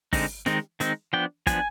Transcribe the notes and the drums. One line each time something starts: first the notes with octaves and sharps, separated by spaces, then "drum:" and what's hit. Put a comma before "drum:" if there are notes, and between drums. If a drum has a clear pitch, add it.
D3 G#3 C4 D#4, drum: kick, open hi-hat
D#3 G#3 C4 D#4, drum: snare
D#3 G#3 C4 D#4, drum: hi-hat
F3 B3 D4 G5
F3 B3 D4 G#5, drum: kick, hi-hat